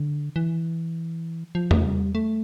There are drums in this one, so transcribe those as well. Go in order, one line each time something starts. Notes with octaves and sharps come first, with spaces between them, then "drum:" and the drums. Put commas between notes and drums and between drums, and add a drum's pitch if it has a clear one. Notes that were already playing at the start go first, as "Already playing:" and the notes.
Already playing: D3
E3
F3
A3, drum: tom E2
G3
A3